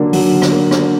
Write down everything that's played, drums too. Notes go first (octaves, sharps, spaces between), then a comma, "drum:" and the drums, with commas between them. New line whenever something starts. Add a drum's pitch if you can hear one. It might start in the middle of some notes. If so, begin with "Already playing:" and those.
Already playing: D3 F#3 A#3 D4
F#3, drum: open hi-hat
D3
drum: rim click
A#3
D4, drum: rim click